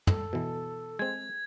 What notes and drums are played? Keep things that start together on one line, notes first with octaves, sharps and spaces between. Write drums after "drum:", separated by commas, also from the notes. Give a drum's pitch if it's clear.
A4, drum: tom
B2 E3
G#3 C4 G#6